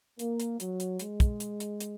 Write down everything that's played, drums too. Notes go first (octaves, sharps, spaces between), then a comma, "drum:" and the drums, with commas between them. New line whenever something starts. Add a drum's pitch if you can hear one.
A#3, drum: hi-hat
drum: hi-hat
F#3, drum: hi-hat
drum: hi-hat
G#3, drum: hi-hat
drum: kick, hi-hat
drum: hi-hat
drum: hi-hat
drum: hi-hat